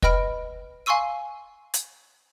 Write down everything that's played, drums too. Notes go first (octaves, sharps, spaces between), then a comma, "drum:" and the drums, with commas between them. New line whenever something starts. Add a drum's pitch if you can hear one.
B4 D#5 G5 B5 F6 D7, drum: kick
F5 G#5 C6 C#6 E6 D#7
drum: hi-hat